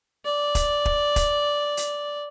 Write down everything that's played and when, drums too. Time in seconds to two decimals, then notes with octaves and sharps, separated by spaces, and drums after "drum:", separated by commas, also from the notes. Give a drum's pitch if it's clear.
0.25 D5
0.55 drum: kick, hi-hat
0.85 drum: kick
1.16 drum: kick, hi-hat
1.77 drum: hi-hat